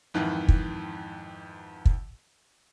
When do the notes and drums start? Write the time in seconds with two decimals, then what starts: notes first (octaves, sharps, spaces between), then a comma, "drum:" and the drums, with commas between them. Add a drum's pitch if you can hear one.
0.14 F2 G#2 D#3 E3
0.48 drum: kick
1.85 drum: kick